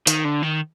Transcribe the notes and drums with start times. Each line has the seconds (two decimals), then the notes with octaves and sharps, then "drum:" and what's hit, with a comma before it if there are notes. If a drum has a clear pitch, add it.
0.07 D#3, drum: hi-hat
0.25 D3
0.42 D#3